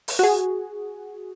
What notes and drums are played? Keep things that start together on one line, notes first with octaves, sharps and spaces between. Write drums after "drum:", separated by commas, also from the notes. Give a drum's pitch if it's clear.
drum: open hi-hat
F#4 G#4